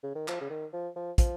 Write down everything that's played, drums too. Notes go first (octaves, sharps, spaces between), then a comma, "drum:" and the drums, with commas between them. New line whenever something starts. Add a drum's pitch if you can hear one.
C#3
D#3
F3, drum: clap
C#3
D#3
F3
F3
F3, drum: kick, hi-hat